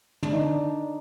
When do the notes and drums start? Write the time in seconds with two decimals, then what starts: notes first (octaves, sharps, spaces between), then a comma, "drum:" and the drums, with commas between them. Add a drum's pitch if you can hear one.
0.23 D4, drum: tom
0.33 D#4
0.41 D4